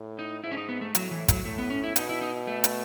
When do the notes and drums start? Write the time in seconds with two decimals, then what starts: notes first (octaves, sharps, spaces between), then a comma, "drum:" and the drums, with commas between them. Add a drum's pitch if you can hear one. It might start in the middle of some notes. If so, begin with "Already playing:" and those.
Already playing: A2
0.19 D#4
0.44 G#2 E4
0.52 C#4
0.57 D#4
0.69 B3
0.81 A3
0.95 A2 F#3, drum: hi-hat
1.11 E3
1.28 F#3, drum: kick, hi-hat
1.45 A2 A3
1.58 B3
1.70 C#4
1.83 E4
1.96 B2 D#4, drum: hi-hat
2.09 E4
2.21 D#4
2.47 A3
2.64 drum: hi-hat